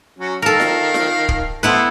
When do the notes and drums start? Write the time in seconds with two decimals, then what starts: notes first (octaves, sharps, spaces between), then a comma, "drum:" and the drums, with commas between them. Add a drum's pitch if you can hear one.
0.19 F#3 C#4 F#4
0.42 D#3 A4 A#4 F5
0.60 drum: snare F4
0.94 drum: snare F4
1.29 drum: kick
1.63 B3 E4 A4 B4 C5